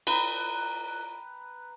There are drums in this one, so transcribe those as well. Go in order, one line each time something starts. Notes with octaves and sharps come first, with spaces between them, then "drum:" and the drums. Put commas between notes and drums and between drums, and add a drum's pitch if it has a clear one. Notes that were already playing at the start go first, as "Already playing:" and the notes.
B4 G5 A#5, drum: cymbal